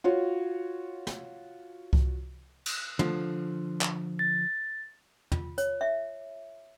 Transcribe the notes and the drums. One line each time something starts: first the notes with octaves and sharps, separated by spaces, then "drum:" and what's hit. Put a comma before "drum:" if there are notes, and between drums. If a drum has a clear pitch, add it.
F4 F#4 C#5
drum: snare
drum: kick C2
drum: cymbal
D3 F3, drum: tom
drum: clap
A6
F4, drum: tom
C#5, drum: hi-hat
E5